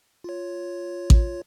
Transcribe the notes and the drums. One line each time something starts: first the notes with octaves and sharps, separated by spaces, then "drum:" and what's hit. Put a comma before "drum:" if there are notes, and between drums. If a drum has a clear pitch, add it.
F4 C#5
drum: kick A1